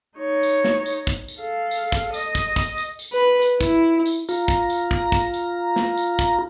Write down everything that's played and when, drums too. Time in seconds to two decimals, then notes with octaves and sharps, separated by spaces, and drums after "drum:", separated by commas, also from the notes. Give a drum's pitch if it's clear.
0.18 D#4 C#5
0.43 drum: tambourine
0.64 drum: snare
0.86 drum: tambourine
1.07 drum: kick, tambourine
1.28 drum: tambourine
1.40 A4 F5
1.71 drum: tambourine
1.92 drum: kick, tambourine
2.14 D#5, drum: tambourine
2.35 drum: kick, tambourine
2.56 drum: kick, tambourine
2.78 drum: tambourine
2.99 drum: tambourine
3.13 B4
3.42 drum: tambourine
3.61 E4, drum: kick, tambourine
4.06 drum: tambourine
4.29 F4 A#5, drum: tambourine
4.48 drum: kick, tambourine
4.70 drum: tambourine
4.91 drum: kick
5.12 drum: kick, tambourine
5.34 drum: tambourine
5.76 drum: snare
5.97 drum: tambourine
6.19 drum: kick, tambourine